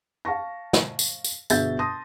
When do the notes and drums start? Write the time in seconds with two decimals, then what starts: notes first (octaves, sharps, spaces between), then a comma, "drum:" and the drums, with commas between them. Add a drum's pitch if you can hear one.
0.25 F5 A5 C#6 A#6
0.73 drum: snare
0.99 drum: tambourine
1.24 drum: tambourine
1.50 G1 B2 G#4 E5 G6 A6, drum: tambourine
1.79 A5 C6 D#6 A#6